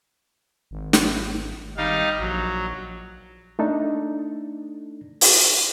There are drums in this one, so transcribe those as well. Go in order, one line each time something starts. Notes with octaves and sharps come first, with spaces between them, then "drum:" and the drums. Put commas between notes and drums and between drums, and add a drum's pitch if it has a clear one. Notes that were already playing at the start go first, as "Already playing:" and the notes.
G#1
drum: snare
G#1 G3 D#4 F5
A#1 F#3
A3 D4 D#4 A4
drum: open hi-hat